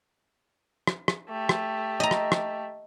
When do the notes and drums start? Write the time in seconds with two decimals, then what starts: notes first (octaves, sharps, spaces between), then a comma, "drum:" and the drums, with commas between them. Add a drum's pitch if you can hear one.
0.87 drum: rim click
1.08 drum: rim click
1.29 A3 G4
1.49 drum: rim click
2.00 D#5 A#5
2.11 drum: rim click
2.32 drum: rim click